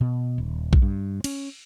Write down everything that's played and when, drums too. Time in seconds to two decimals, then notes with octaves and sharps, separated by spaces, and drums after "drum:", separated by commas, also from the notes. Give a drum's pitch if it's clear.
0.01 B2
0.38 D#1
0.73 drum: kick A#1
0.82 G2
1.24 C#4, drum: cymbal